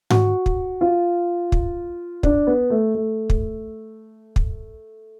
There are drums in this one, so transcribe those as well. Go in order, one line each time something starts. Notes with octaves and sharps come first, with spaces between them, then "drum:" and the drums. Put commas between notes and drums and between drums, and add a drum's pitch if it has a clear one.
F#4, drum: tom G#2
drum: kick
F4
drum: kick
D4, drum: kick
B3
A3
A3
drum: kick
drum: kick